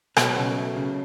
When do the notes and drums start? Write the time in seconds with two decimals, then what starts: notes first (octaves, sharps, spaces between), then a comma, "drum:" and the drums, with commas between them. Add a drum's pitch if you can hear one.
0.17 B2 F#3, drum: rim click
0.36 C#3
0.56 A3
0.76 C#3